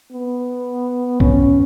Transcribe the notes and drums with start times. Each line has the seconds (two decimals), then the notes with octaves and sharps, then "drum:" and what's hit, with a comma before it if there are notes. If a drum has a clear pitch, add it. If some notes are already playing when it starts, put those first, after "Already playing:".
0.12 B3
1.20 C#4, drum: kick